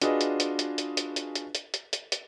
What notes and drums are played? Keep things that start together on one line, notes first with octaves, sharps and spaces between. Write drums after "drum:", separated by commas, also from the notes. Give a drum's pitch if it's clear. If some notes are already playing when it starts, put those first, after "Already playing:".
D4 F4 F#4 G#4 B4 D#5, drum: hi-hat
drum: hi-hat
drum: hi-hat
drum: hi-hat
drum: hi-hat
drum: hi-hat
drum: hi-hat
drum: hi-hat
drum: hi-hat
drum: hi-hat
drum: hi-hat
drum: hi-hat